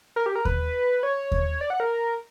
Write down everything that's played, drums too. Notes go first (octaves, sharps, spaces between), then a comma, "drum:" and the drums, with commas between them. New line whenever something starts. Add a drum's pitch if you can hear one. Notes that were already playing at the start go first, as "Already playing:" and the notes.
A#4
G4
A#4
B4, drum: kick D#2
C#5
drum: kick D#2
D5
F#5
A#4